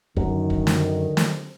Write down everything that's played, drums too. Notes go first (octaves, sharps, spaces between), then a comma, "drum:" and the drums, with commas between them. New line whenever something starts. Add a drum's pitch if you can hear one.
F#2 D3 D#3, drum: kick
drum: kick
drum: snare
drum: snare